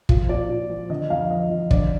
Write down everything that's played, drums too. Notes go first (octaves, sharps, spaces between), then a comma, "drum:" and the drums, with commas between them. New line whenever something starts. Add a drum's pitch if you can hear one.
F3 F4, drum: kick
A#2 D5
A#2
F3
D3 D#5
F2 F5
F3 D#5
F2
D3 D5, drum: kick